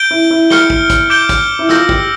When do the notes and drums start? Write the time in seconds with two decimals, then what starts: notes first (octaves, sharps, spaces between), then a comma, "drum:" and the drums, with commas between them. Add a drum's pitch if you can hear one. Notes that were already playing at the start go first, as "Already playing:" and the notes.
Already playing: G6 D7 G7
0.11 E4
0.30 E4
0.50 F6 C#7 G7, drum: snare
0.70 drum: kick
0.90 drum: kick, hi-hat
1.10 D6 G6 D7 G7
1.29 drum: kick, hi-hat
1.59 E4
1.69 F4 E6 G6 A#6, drum: snare
1.89 G4, drum: kick